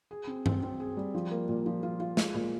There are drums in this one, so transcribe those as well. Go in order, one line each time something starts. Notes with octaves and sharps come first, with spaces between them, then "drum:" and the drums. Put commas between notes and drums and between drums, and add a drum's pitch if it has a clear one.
G#4
C4
C4, drum: tom G2
C4
G#4
G3
F3
A#3
A#2
F3
F4
F4
G#3, drum: snare
A#2